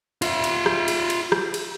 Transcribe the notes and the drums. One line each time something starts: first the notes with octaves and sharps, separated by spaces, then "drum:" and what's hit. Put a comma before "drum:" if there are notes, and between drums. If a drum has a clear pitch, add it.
F4 E5, drum: cymbal
drum: cymbal
drum: rim click
drum: cymbal
drum: cymbal
drum: rim click
drum: cymbal